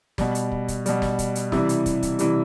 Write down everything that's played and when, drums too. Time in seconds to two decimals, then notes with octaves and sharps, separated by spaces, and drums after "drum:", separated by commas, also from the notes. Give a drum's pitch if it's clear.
0.18 B2 G3, drum: snare
0.35 drum: hi-hat
0.52 drum: kick
0.68 drum: kick, hi-hat
0.86 B2 G3, drum: hi-hat
1.02 drum: snare
1.19 drum: kick, hi-hat
1.35 drum: hi-hat
1.52 C3 E3 G3 E4, drum: snare
1.69 drum: hi-hat
1.86 drum: kick, hi-hat
2.03 drum: kick, hi-hat
2.19 C3 E3 G3, drum: hi-hat